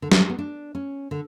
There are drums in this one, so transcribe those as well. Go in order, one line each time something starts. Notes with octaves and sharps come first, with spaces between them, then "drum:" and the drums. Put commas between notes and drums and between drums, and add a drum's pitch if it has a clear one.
D3
F#3, drum: snare
G#3
B3
D4
C#4
D3